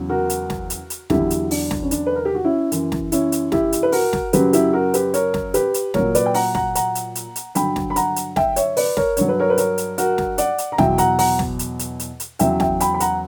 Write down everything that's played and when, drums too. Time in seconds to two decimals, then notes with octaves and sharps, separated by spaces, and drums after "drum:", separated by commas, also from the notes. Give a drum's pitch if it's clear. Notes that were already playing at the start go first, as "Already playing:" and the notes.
Already playing: E2 C#3 F#3
0.09 F#4 A#4
0.30 drum: hi-hat
0.50 drum: snare
0.70 drum: hi-hat
0.90 drum: hi-hat
1.10 E2 D3 F#3 E4 G4, drum: snare
1.30 drum: hi-hat
1.51 D4, drum: open hi-hat
1.71 drum: snare
1.83 C#4
1.91 D4, drum: hi-hat
2.06 B4
2.15 A#4
2.25 G4
2.35 F#4
2.44 C#4 E4
2.72 F#2 E3, drum: hi-hat
2.92 drum: snare
3.12 C#4 E4, drum: hi-hat
3.32 drum: hi-hat
3.52 E4 G4, drum: snare
3.72 drum: hi-hat
3.83 B4
3.92 F#4 A#4, drum: open hi-hat
4.13 drum: snare
4.33 F#2 C#3 F#3 G4 B4, drum: hi-hat
4.53 E4 G4, drum: hi-hat
4.73 F#4 A#4
4.94 G4 B4, drum: hi-hat
5.14 A#4 C#5, drum: hi-hat
5.34 drum: snare
5.54 G4 B4, drum: hi-hat
5.74 drum: hi-hat
5.94 A#2 F#3 A#4 C#5, drum: snare
6.15 B4 D5, drum: hi-hat
6.26 G5
6.34 F#5 A#5, drum: open hi-hat
6.55 F#5 A#5, drum: snare
6.75 F#5 A#5, drum: hi-hat
6.95 drum: hi-hat
7.15 drum: hi-hat
7.36 drum: hi-hat
7.55 G2 D3 F#3 G5 B5, drum: hi-hat
7.76 drum: snare
7.90 B5
7.96 F#5 A#5, drum: hi-hat
8.16 drum: hi-hat
8.36 E5 G5, drum: snare
8.56 C#5 E5, drum: hi-hat
8.77 B4 D5, drum: open hi-hat
8.97 A#4 C#5, drum: snare
9.17 G2 F#3 C#5, drum: hi-hat
9.29 B4
9.40 A#4 C#5
9.50 B4
9.58 A#4 C#5, drum: hi-hat
9.78 drum: hi-hat
9.98 F#4 A#4, drum: hi-hat
10.18 drum: snare
10.38 D5 F#5, drum: hi-hat
10.58 drum: hi-hat
10.72 A#5
10.78 E2 B2 F#3 E5 G5, drum: snare
10.98 F#5 A#5, drum: hi-hat
11.19 F#5 A#5, drum: open hi-hat
11.39 drum: snare
11.59 drum: hi-hat
11.79 drum: hi-hat
12.00 drum: hi-hat
12.20 drum: hi-hat
12.39 E2 C#3 F#3 E5 G5, drum: hi-hat
12.60 E5 G5, drum: snare
12.80 G5 B5, drum: hi-hat
12.94 B5
13.00 F#5 A#5, drum: hi-hat